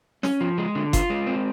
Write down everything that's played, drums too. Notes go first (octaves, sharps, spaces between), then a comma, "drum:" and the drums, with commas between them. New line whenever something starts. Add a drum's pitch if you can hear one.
C#4, drum: snare
F3
G#3
D3
F4, drum: kick F#1, hi-hat
G#3
C4